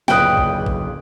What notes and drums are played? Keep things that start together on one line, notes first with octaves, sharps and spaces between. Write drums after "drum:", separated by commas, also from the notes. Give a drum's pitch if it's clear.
D1 F#2 A#2 C#3 B4 D#5 G5, drum: snare
drum: kick A1
drum: kick A1